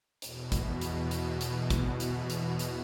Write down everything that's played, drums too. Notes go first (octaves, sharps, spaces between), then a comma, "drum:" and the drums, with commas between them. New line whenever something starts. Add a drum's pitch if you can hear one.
E2 B2, drum: hi-hat
drum: kick, hi-hat
drum: hi-hat
drum: hi-hat
drum: hi-hat
drum: kick, hi-hat
drum: hi-hat
drum: hi-hat
drum: hi-hat